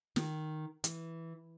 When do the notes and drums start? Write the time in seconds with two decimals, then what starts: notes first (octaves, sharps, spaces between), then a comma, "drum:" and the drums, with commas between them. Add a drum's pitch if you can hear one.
0.16 D#3, drum: snare
0.84 E3, drum: hi-hat